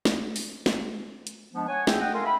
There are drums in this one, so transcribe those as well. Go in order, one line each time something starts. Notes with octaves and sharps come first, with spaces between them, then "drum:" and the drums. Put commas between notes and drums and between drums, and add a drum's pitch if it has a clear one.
drum: snare
drum: open hi-hat
drum: snare
drum: hi-hat
F3 G#3 B3 D4
C#5 F#5 G#5
F4 G#4 E5 G5, drum: snare
D#5 F#5 G5
A4 A#4 F5 G#5 C6
E5 G5 B5